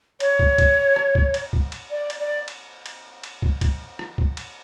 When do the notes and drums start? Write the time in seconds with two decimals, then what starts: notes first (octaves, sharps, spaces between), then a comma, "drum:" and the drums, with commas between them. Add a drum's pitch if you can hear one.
0.20 C#5, drum: cymbal
0.39 drum: kick
0.58 drum: kick, cymbal
0.96 drum: rim click
1.15 drum: kick
1.34 drum: cymbal
1.53 drum: kick
1.72 drum: cymbal
1.91 D5
2.10 drum: cymbal
2.19 D5
2.48 drum: cymbal
2.86 drum: cymbal
3.24 drum: cymbal
3.42 drum: kick
3.61 drum: kick, cymbal
3.99 drum: rim click
4.18 drum: kick
4.37 drum: cymbal